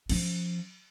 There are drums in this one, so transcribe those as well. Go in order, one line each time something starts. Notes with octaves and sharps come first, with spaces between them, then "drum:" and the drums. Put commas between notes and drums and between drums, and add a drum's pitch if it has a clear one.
F3 C#4, drum: cymbal